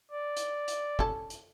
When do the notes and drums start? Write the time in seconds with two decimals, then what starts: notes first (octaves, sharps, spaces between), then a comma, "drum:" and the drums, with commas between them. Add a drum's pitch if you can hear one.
0.11 D5
0.36 drum: hi-hat
0.68 drum: hi-hat
0.99 C#4 A4, drum: kick
1.30 drum: hi-hat